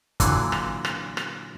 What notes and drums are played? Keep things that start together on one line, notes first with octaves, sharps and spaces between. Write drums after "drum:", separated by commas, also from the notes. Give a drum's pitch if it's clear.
A#2 D3 E3 F#3, drum: kick, hi-hat
drum: rim click
drum: rim click
drum: rim click